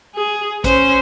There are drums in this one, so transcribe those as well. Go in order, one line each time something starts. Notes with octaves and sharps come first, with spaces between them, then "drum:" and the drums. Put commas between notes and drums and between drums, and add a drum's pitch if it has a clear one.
G#4
C#4 C5, drum: kick, hi-hat